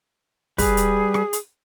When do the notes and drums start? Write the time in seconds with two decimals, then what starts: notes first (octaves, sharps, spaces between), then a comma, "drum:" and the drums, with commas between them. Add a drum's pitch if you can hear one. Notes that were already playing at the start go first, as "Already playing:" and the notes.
0.58 G3 G#4 B4, drum: kick, open hi-hat
0.77 drum: hi-hat
1.14 drum: rim click
1.33 drum: hi-hat